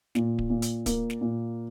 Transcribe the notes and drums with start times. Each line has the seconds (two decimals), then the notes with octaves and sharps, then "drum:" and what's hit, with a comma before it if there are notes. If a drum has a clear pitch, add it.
0.15 A#2, drum: snare
0.39 drum: kick D1
0.50 A#2
0.62 drum: hi-hat
0.86 A#3, drum: kick D1, hi-hat
1.10 drum: snare
1.21 A#2